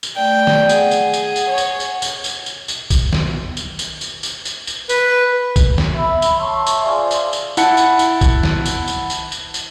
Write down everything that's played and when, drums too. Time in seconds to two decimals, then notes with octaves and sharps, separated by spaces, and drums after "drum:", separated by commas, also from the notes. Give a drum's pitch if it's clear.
0.03 drum: tambourine
0.16 A3 D5 G5
0.47 drum: snare
0.69 G#4 F#5, drum: tambourine
0.91 drum: tambourine
1.14 drum: tambourine
1.36 drum: tambourine
1.49 C#5
1.58 drum: tambourine
1.80 drum: tambourine
2.02 drum: tambourine
2.24 drum: tambourine
2.46 drum: tambourine
2.68 drum: tambourine
2.90 drum: kick, tambourine
3.13 drum: snare
3.57 drum: tambourine
3.79 drum: tambourine
4.01 drum: tambourine
4.23 drum: tambourine
4.45 drum: tambourine
4.67 drum: tambourine
4.89 B4, drum: tambourine
5.56 drum: kick, tambourine
5.78 drum: snare
5.96 E5 B5
6.22 drum: tambourine
6.38 C#5 E5 A5 C6 C#6
6.66 drum: tambourine
6.84 F4 G#4 C5 D5
7.11 drum: tambourine
7.33 drum: tambourine
7.57 E4 F#5 A5 C#7, drum: tambourine
7.77 drum: tambourine
7.99 drum: tambourine
8.21 drum: kick, tambourine
8.43 drum: snare
8.66 drum: tambourine
8.88 drum: tambourine
9.10 drum: tambourine
9.32 drum: tambourine
9.54 drum: tambourine